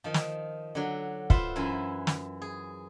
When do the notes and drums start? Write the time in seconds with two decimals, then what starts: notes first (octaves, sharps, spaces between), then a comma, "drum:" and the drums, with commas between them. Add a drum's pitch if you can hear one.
0.04 D#3 F3
0.14 drum: snare
0.75 D3 F#3
1.30 F4 B4 C5 E5 F#5, drum: kick
1.56 F#2 E3 E4 C5 G#5
2.07 drum: snare
2.42 G#4